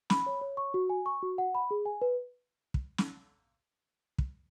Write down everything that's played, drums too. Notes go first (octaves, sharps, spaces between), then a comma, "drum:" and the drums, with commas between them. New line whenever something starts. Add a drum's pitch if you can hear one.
B5, drum: snare
C#5
C#5
C#6
F#4
G#5
C#6
F#4
F#5
B5
G#4
G#5
B4
drum: kick
drum: snare
drum: kick